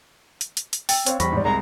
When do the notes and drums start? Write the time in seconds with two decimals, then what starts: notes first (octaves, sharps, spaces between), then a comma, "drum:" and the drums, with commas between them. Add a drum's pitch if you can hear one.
0.41 drum: hi-hat
0.57 drum: hi-hat
0.73 drum: hi-hat
0.89 G5 E6 A6, drum: open hi-hat
1.06 C4 C5 C#5 F5, drum: hi-hat
1.20 E2 G3 C5 B5 C#6 A#6, drum: hi-hat
1.33 G#2 G3 D5
1.45 C2 G#3 A#5